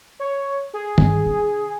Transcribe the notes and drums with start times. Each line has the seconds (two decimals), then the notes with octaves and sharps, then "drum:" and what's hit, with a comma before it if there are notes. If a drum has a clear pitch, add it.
0.20 C#5
0.74 G#4
0.98 G2, drum: tom D#3
1.26 D3